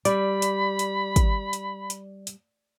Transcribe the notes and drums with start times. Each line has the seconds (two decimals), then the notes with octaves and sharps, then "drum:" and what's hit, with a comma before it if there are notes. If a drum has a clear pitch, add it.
0.05 G3 D5 B5, drum: hi-hat
0.42 drum: hi-hat
0.79 drum: hi-hat
1.16 drum: kick, hi-hat
1.53 drum: hi-hat
1.90 drum: hi-hat
2.27 drum: hi-hat